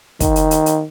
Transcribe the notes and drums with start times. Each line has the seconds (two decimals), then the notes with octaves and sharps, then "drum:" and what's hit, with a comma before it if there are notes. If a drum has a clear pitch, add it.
0.20 D#3, drum: kick, hi-hat
0.36 drum: hi-hat
0.51 drum: hi-hat
0.66 drum: hi-hat